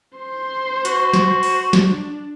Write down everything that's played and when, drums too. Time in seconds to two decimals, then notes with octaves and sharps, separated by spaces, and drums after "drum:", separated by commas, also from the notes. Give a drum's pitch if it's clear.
0.17 C5 C6
0.85 F#4, drum: hi-hat
1.13 drum: snare
1.43 drum: open hi-hat
1.73 D4, drum: snare